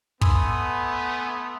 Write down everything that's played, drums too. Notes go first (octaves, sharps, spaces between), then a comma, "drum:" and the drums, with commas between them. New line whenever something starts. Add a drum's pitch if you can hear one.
A3 B3 G#5 B5 C6 D#6 E6, drum: kick